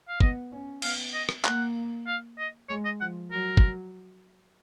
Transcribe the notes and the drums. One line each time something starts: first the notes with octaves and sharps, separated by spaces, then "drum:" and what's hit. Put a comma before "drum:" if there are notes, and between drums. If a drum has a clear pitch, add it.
F5
B3 D#5, drum: kick
C#4
B3 F5, drum: cymbal
D#5
drum: rim click
A#3 F#5, drum: clap
F5
D#5
G#3 C#5
D#5
F3 F#5
F#3 A#4
drum: kick